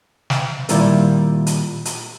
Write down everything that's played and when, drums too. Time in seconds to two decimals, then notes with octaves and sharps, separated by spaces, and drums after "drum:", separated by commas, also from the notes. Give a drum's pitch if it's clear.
0.30 drum: snare
0.69 A#2 D#3 G3 E4 F4 A#4, drum: hi-hat
1.47 drum: hi-hat
1.85 drum: hi-hat